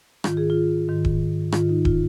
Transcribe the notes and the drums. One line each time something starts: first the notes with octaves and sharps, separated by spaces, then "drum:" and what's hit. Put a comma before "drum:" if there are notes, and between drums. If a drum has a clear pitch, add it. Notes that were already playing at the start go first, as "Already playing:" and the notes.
G#2 D#3 F4, drum: rim click
G#4
F4
G#2 D#3
drum: kick D#1
G#2 D#3 F4, drum: rim click
D#4
F4, drum: kick D#1